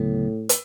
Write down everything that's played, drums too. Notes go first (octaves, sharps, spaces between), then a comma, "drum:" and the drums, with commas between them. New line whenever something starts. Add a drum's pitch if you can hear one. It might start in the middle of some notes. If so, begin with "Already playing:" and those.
Already playing: D2 A2 C#3 F#3 B3
drum: hi-hat